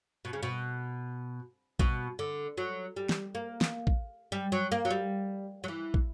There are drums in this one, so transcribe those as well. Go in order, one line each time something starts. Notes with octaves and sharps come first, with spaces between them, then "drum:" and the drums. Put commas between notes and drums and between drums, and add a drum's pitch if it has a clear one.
B2
C#3
B2
B2, drum: kick
D3
F#3
G3
drum: snare
A#3
drum: snare
drum: kick
G3
F#3
A#3
F#3
G3
F#3
E3
drum: kick